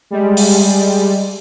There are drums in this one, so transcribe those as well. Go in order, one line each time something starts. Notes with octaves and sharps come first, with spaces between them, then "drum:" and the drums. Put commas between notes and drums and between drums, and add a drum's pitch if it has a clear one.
G3 G#3
drum: open hi-hat